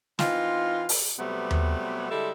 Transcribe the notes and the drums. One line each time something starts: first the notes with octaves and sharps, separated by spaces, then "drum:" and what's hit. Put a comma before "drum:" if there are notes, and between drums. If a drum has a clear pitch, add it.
E3 C4 D#4 F4, drum: snare
drum: open hi-hat
C3 F#3 G3 A3 B3
drum: tom D#2
D3 G3 G#3 E4 A4 E5